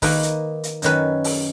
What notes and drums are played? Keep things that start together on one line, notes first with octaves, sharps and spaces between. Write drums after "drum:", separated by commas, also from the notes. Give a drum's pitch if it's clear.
D#3 A#3 D#4 B4, drum: kick, open hi-hat
drum: hi-hat
drum: hi-hat
F#2 D#3 F#3 C#4 B4, drum: hi-hat
drum: open hi-hat